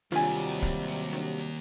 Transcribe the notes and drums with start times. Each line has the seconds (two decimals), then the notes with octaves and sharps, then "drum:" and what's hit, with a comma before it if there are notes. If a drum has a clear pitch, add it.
0.12 D#2 C3 F#3 G3 F4 G#5, drum: snare D4
0.37 drum: hi-hat
0.62 drum: kick, hi-hat
0.88 drum: open hi-hat
1.13 drum: snare D4
1.38 drum: hi-hat